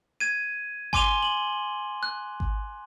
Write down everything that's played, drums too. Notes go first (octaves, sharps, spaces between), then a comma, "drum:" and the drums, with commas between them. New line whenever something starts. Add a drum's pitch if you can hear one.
G#6 D#7
G#5 C6 D6 D#7 F7 G7, drum: kick G#1
F#7
F#6
drum: kick G#1